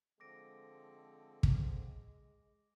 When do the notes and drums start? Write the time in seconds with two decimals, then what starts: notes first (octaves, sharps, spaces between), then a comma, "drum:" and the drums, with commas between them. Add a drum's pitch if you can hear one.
0.20 D3 F3 G#3 C4 A4 D6 A#6 D7
1.43 drum: kick